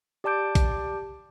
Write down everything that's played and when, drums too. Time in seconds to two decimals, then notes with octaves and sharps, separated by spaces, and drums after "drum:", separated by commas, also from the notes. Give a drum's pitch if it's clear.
0.24 G4 D5 A5 D6 G6 D7
0.55 drum: kick A#1, hi-hat